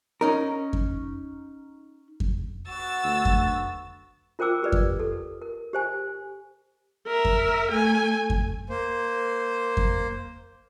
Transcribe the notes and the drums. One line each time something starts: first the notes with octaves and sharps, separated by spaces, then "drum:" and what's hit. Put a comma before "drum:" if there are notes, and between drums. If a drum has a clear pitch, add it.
C#4 D#4 A#4
drum: kick F2
drum: kick F2
B3 F#4 E6 A6
D2
drum: kick F2
F4 A#4 C5 G5 D6 E6
G4 B4 D5
drum: kick F2
A4
A#4
G4 C5 G#5
A#4 E5
drum: kick F2
A3 G#5
drum: kick F2
A#3 C5
drum: kick F2